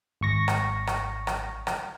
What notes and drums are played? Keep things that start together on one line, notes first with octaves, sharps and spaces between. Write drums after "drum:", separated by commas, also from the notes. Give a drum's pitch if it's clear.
G#1 C#6 A#6
drum: rim click
drum: rim click
drum: rim click
drum: rim click